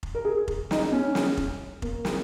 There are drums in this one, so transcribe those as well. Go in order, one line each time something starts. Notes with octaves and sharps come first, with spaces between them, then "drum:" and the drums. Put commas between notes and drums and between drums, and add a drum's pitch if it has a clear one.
drum: kick F1
A#4
G#4
drum: kick F1
D#4, drum: snare
C#4
drum: snare
drum: kick F1
A#3, drum: kick F1
drum: snare